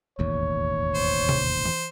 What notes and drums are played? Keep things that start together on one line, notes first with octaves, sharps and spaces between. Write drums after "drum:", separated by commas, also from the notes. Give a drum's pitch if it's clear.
E1 A1 D#2 C#5
C5
drum: tom C3
drum: tom E3